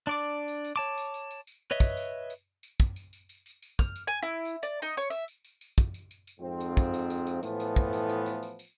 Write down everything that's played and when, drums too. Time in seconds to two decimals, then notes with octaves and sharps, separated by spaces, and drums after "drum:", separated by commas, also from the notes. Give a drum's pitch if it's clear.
0.07 D4 D5 D6
0.48 drum: tambourine
0.64 drum: tambourine
0.76 C#5 A5 D6
0.98 drum: tambourine
1.14 drum: tambourine
1.31 drum: tambourine
1.47 drum: tambourine
1.71 B4 C#5 D#5 E5
1.80 drum: kick, tambourine
1.97 drum: tambourine
2.30 drum: tambourine
2.63 drum: tambourine
2.80 drum: kick, tambourine
2.96 drum: tambourine
3.13 drum: tambourine
3.29 drum: tambourine
3.46 drum: tambourine
3.62 drum: tambourine
3.79 F6, drum: kick, tambourine
3.96 drum: tambourine
4.07 G#5
4.23 E4
4.45 drum: tambourine
4.63 D5, drum: tambourine
4.82 D#4
4.97 C#5, drum: tambourine
5.10 E5, drum: tambourine
5.28 drum: tambourine
5.45 drum: tambourine
5.61 drum: tambourine
5.78 drum: kick, tambourine
5.94 drum: tambourine
6.11 drum: tambourine
6.27 drum: tambourine
6.40 F2 G#2 F3 C4
6.61 drum: tambourine
6.77 drum: kick, tambourine
6.94 drum: tambourine
7.10 drum: tambourine
7.27 drum: tambourine
7.43 A2 E3 F3 A3 B3, drum: tambourine
7.60 drum: tambourine
7.76 drum: kick, tambourine
7.93 drum: tambourine
8.10 drum: tambourine
8.26 drum: tambourine
8.43 drum: tambourine
8.59 drum: tambourine